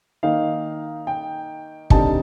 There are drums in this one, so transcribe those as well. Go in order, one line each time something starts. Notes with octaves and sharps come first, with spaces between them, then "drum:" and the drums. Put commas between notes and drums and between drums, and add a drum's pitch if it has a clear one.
D#3 A#3 D#4 F5
G5
D3 G3 C4 D#4 A5, drum: kick